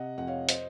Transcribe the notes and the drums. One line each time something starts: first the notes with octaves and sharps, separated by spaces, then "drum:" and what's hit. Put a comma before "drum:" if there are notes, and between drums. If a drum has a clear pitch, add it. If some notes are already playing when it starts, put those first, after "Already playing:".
Already playing: C3 D#5 F#5
F2 F#5
C#5 F5
C5 D#5, drum: hi-hat